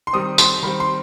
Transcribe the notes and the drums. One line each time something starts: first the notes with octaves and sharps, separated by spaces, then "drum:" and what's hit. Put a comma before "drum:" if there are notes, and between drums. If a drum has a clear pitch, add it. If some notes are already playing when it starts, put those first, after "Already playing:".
C6
D#3 G3 C4 D#6
C6, drum: tambourine
D#3 G3 C4 B5
C6